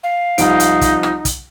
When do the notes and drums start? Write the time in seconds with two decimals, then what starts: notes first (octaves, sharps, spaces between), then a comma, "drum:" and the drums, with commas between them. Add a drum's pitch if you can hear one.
0.04 F5
0.38 C2 F3 D#4 D7, drum: hi-hat
0.60 drum: hi-hat
0.81 drum: kick, hi-hat
1.03 drum: rim click
1.25 drum: kick, hi-hat